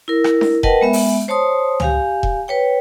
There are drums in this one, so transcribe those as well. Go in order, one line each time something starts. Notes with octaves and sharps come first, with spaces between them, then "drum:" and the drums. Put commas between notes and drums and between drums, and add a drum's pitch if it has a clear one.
E4 A#4
drum: rim click
drum: snare D4
A#4 B4 D#5 F#5 G5 A5, drum: kick E1
G#3 B3 E5
drum: open hi-hat
C5 C#5 A5 C6 D#6
G4 F5 G#5, drum: tom C#2
drum: kick E1
B4 C#5 G5